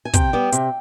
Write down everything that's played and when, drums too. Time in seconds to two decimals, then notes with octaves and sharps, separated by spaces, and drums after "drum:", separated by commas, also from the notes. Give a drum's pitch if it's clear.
0.05 G#5
0.14 C3 G5, drum: kick, hi-hat
0.33 G3 B3
0.52 C3, drum: hi-hat